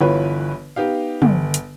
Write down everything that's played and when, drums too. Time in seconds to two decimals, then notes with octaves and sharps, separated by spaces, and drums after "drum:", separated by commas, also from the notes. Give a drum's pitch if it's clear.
0.01 G1 E3 F4 B4 C#5
0.76 B3 D#4 G4 F5
1.22 G1, drum: tom
1.54 drum: hi-hat